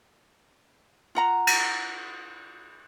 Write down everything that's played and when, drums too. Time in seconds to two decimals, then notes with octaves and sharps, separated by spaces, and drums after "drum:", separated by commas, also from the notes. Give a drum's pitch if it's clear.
1.15 F4 F#5 A#5
1.47 drum: cymbal